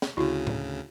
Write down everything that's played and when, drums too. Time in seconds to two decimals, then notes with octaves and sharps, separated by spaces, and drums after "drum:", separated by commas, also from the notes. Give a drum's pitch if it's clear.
0.02 drum: snare
0.17 D2 C#3 E4 F#4
0.47 drum: tom A2